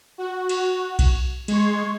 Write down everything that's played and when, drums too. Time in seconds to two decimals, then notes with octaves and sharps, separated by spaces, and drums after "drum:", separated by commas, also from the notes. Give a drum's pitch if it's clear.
0.18 F#4
0.49 drum: cymbal
0.99 drum: kick B1, cymbal
1.48 G#3 C6 C#6 G#6, drum: cymbal